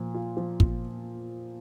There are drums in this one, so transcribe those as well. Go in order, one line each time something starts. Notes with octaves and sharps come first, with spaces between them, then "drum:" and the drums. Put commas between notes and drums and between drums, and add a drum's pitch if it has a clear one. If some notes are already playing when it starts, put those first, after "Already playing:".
Already playing: A#2 F3
F4
F3
A#2, drum: kick